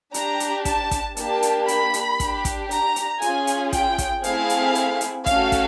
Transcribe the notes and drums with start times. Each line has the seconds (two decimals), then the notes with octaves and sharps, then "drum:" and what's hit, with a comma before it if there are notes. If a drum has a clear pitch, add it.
0.14 D4 G4 A#5, drum: hi-hat
0.40 drum: hi-hat
0.65 A5, drum: kick, hi-hat
0.91 drum: kick, hi-hat
1.17 A#3 D4 G4 A5, drum: hi-hat
1.42 drum: hi-hat
1.68 B5, drum: hi-hat
1.94 drum: hi-hat
2.20 D4 G4, drum: kick, hi-hat
2.45 drum: kick, hi-hat
2.71 A#5, drum: hi-hat
2.96 drum: hi-hat
3.22 C#4 F4 G#4 G#5, drum: hi-hat
3.47 drum: hi-hat
3.72 G5, drum: kick, hi-hat
3.98 drum: kick, hi-hat
4.24 A3 C4 E4 G#4 F5, drum: hi-hat
4.50 drum: hi-hat
4.75 drum: hi-hat
5.01 drum: hi-hat
5.26 A3 C#4 F#4 A4 F5, drum: kick, hi-hat
5.52 drum: kick, hi-hat